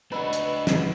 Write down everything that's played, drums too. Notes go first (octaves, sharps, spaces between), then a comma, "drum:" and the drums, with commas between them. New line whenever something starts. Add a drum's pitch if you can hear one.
D4 F#4 B4 D#5 B5 E6
drum: hi-hat
drum: snare